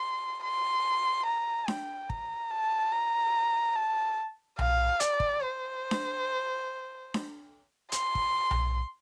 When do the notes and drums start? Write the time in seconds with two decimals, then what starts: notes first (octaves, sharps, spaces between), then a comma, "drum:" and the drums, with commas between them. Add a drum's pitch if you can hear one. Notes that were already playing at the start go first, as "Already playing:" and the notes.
Already playing: C6
0.44 C6
1.26 A#5
1.68 G5, drum: snare D4
2.10 A#5, drum: kick
2.51 A5
2.92 A#5
3.75 A5
4.59 F5, drum: tom B1
5.00 D5, drum: hi-hat
5.20 drum: kick
5.43 C5
5.91 drum: snare D4
7.14 drum: snare D4
7.92 C6, drum: hi-hat
8.15 drum: kick
8.51 drum: tom B1